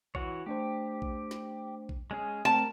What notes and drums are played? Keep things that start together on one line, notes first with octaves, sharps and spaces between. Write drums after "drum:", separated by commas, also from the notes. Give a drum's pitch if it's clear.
E3 F#4 C#5, drum: kick A#1
A3 D4 G4 C5
drum: kick A#1
drum: snare
drum: kick A#1
G#3 C#4 G#4
A3 C4 A#4 A5